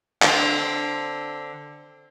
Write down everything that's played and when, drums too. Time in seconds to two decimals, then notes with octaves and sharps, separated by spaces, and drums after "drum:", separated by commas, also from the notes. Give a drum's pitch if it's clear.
0.22 D3 C4, drum: clap